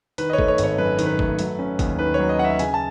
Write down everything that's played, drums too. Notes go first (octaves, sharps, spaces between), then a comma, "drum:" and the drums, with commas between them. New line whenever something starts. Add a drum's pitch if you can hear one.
D#3 B4, drum: hi-hat
D#5
C#5
A3, drum: kick
C#5
G#1, drum: hi-hat
C#5
F#2 B4
D#3, drum: hi-hat
B4
A3, drum: kick
F#3, drum: hi-hat
C#4
D#2, drum: kick, hi-hat
D#3 B4
F#3 C#5
D#5
C#4 F#5
E5
C#3 G#5, drum: hi-hat
A5